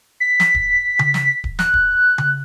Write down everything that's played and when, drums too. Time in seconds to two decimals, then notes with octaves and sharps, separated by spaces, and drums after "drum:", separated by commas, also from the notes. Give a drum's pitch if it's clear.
0.20 B6
0.40 drum: snare
0.55 drum: kick D1
0.99 drum: tom C#3
1.14 drum: snare
1.44 drum: kick D1
1.59 F#6, drum: snare
1.74 drum: kick D1
2.18 drum: tom C#3